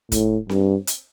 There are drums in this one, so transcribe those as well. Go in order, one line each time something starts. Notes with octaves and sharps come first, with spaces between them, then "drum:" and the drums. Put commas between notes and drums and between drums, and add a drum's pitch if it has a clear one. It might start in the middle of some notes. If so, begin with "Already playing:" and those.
A2, drum: kick, hi-hat
G2, drum: snare C4
drum: hi-hat